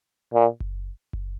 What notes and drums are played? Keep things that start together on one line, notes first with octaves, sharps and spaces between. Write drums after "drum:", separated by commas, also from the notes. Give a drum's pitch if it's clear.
A#2
drum: kick F#1
drum: kick F#1